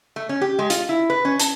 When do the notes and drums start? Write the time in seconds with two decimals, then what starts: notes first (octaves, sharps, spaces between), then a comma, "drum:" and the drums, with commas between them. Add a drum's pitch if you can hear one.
0.16 A3
0.29 C#4
0.41 G4
0.59 G#3
0.70 F4, drum: hi-hat
0.89 E4
1.10 B4
1.25 C#4
1.40 A5, drum: hi-hat